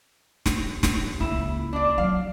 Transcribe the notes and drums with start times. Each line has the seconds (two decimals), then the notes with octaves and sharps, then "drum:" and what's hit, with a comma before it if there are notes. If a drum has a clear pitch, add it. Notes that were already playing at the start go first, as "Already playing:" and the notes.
0.46 drum: snare
0.83 drum: snare
1.20 C#2 A#3 E4
1.73 D4 D5
1.98 F#3 F5